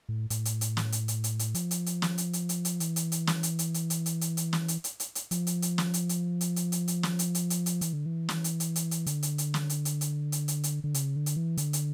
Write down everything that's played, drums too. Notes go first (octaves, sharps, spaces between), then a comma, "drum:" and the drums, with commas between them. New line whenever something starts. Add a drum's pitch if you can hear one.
A2
A2, drum: hi-hat
drum: hi-hat
drum: hi-hat
drum: snare
drum: hi-hat
drum: hi-hat
drum: hi-hat
drum: hi-hat
F3, drum: hi-hat
drum: hi-hat
drum: hi-hat
drum: snare
drum: hi-hat
drum: hi-hat
drum: hi-hat
drum: hi-hat
E3, drum: hi-hat
drum: hi-hat
drum: hi-hat
drum: snare
drum: hi-hat
drum: hi-hat
drum: hi-hat
drum: hi-hat
drum: hi-hat
drum: hi-hat
drum: hi-hat
drum: snare
drum: hi-hat
drum: hi-hat
drum: hi-hat
drum: hi-hat
F3, drum: hi-hat
drum: hi-hat
drum: hi-hat
drum: snare
drum: hi-hat
drum: hi-hat
drum: hi-hat
drum: hi-hat
drum: hi-hat
drum: hi-hat
drum: snare
drum: hi-hat
drum: hi-hat
drum: hi-hat
drum: hi-hat
E3, drum: hi-hat
D3
E3
drum: snare
drum: hi-hat
drum: hi-hat
drum: hi-hat
drum: hi-hat
D3, drum: hi-hat
drum: hi-hat
drum: hi-hat
drum: snare
drum: hi-hat
drum: hi-hat
drum: hi-hat
drum: hi-hat
drum: hi-hat
drum: hi-hat
D3
C#3, drum: hi-hat
D3
drum: hi-hat
E3
D3, drum: hi-hat
drum: hi-hat